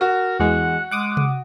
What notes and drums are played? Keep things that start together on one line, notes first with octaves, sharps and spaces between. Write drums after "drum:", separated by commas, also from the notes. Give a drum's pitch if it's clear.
F#4 A#4
E2 G#3 F#5
G#3 F#5 D6 D#6
drum: tom C3